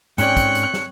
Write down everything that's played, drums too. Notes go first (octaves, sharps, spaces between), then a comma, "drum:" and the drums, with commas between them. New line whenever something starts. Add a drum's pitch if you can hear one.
G#2 C4 C#4 C#5 D5 G5 F#6 C#7, drum: hi-hat
drum: kick, hi-hat
drum: hi-hat
drum: snare